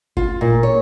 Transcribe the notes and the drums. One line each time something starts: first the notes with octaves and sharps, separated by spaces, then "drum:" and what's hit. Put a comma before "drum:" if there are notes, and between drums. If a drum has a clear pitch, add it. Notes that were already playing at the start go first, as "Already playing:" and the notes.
F4, drum: kick G#1
A#2
C#5